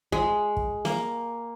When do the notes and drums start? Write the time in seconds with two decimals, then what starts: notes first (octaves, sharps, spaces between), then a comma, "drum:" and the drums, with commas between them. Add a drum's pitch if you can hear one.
0.12 G#3, drum: kick
0.57 drum: kick
0.85 A#3, drum: snare